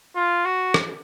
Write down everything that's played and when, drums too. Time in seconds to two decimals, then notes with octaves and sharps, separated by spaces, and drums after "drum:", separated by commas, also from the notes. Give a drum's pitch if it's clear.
0.16 F4
0.45 F#4
0.74 drum: rim click